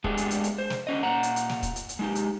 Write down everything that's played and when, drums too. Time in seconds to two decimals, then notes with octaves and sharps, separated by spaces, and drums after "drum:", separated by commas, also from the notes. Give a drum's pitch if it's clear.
0.04 G#3 A3 B3 D4 G4 G#4, drum: kick
0.17 drum: hi-hat
0.31 drum: hi-hat
0.44 drum: hi-hat
0.58 C5
0.70 drum: snare
0.87 D3 C#4 D#5
1.03 A#2 F#5 A#5
1.23 drum: hi-hat
1.36 drum: hi-hat
1.49 drum: snare
1.63 drum: kick, hi-hat
1.76 drum: hi-hat
1.89 drum: hi-hat
1.99 G#3 D#4 G4
2.15 drum: hi-hat